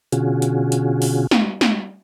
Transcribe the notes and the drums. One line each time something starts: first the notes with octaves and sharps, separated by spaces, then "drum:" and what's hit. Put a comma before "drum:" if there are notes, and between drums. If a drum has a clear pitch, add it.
B2 D3 C#4 F4 F#4 G#4, drum: hi-hat
drum: hi-hat
drum: hi-hat
drum: open hi-hat
drum: snare
drum: snare